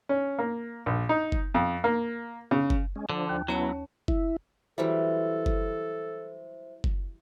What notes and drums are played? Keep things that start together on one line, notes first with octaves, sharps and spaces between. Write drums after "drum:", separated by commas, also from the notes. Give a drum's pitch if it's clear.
C#4
A#3
A#1
D#4
drum: kick F#1
F2
A#3
C#3
drum: kick F#1
G#3 C#4
D3 F3 D4
D#2
F#3 B3 C#4 E4 C#5 A5
E4, drum: kick F#1
E3 F#3 G3 A4 C5 E5
drum: kick F#1
drum: kick F#1